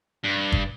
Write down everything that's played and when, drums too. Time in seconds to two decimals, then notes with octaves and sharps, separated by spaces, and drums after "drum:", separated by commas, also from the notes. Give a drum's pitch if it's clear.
0.24 G2
0.52 drum: kick